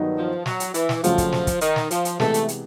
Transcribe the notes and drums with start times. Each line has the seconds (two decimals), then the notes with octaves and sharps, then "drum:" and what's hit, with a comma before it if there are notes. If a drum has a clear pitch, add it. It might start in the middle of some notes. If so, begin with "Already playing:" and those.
Already playing: G2 D#3 F#3 B3 D#4
0.17 F3
0.46 F#3, drum: snare
0.60 drum: hi-hat
0.74 E3, drum: hi-hat
0.89 drum: snare
1.04 F2 C#3 F3 F#3 A3, drum: hi-hat
1.18 drum: kick, hi-hat
1.32 drum: snare
1.47 drum: kick, hi-hat
1.61 D#3, drum: hi-hat
1.76 drum: snare
1.91 F3, drum: hi-hat
2.05 drum: hi-hat
2.20 C3 E3 G#3 A3 B3, drum: snare
2.34 drum: hi-hat
2.48 drum: hi-hat